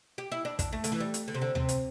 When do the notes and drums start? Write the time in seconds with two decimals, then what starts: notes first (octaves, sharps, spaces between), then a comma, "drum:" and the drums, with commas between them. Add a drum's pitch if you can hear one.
0.18 G4
0.32 E4
0.45 D4
0.59 D4, drum: kick, hi-hat
0.73 A3
0.84 D3, drum: hi-hat
0.92 E3
1.00 G3
1.14 drum: hi-hat
1.28 D3
1.34 C3
1.42 D3
1.55 C3, drum: tom D2
1.69 drum: hi-hat